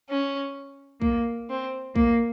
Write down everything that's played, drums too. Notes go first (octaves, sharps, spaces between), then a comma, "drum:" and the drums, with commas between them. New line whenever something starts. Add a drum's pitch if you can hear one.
C#4
A#3, drum: kick
C4
A#3, drum: kick